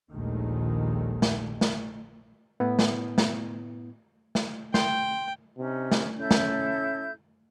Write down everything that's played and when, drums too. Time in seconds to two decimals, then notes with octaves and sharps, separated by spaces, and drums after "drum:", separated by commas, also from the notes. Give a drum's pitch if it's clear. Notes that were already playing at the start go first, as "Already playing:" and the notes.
0.12 A#1 D#2 A#2 D#3 G#3 A3
1.22 drum: snare
1.61 drum: snare
2.60 A2 B3 E4
2.79 drum: snare
3.18 drum: snare
4.35 drum: snare
4.74 G5 C6 G6, drum: snare
5.58 C3 C#4 D#4
5.92 drum: snare
6.18 C#4 E4 A4 G6
6.31 drum: snare